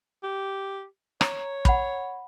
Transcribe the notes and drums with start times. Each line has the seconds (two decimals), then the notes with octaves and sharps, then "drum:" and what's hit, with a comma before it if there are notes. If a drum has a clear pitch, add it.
0.23 G4
1.21 C#5 A#5, drum: rim click
1.65 F#5 B5, drum: kick